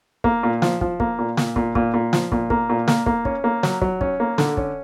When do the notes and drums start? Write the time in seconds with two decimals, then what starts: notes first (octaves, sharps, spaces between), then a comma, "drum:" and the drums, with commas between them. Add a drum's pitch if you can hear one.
0.24 A#3, drum: kick
0.43 A#2
0.62 F3, drum: snare
0.81 F3, drum: kick
1.00 A#3, drum: kick
1.19 A#2
1.37 A#2, drum: snare
1.56 A#2, drum: kick
1.75 A#2, drum: kick
1.94 A#2
2.13 F3, drum: snare
2.32 A#2, drum: kick
2.50 A#3, drum: kick
2.70 A#2
2.88 A#3, drum: snare
3.06 A#3, drum: kick
3.25 C#4, drum: kick
3.44 A#3
3.63 F#3, drum: snare
3.82 F#3, drum: kick
4.01 C#4, drum: kick
4.20 A#3
4.38 D3, drum: snare
4.57 C#4, drum: kick